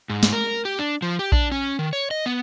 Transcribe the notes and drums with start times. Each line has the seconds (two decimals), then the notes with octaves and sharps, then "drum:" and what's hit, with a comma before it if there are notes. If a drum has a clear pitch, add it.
0.10 G#2
0.23 drum: snare
0.33 A#4
0.65 G4
0.79 D4
1.02 F3
1.19 G4
1.32 D4, drum: kick A#1
1.52 C#4
1.79 D#3
1.93 C#5
2.11 D#5
2.26 B3